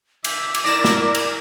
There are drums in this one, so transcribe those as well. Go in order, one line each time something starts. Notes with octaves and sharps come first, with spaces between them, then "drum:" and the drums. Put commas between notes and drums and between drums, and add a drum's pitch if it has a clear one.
E5 D6, drum: cymbal
drum: cymbal
E4 A#4 D5 A#6 E7
drum: snare
drum: cymbal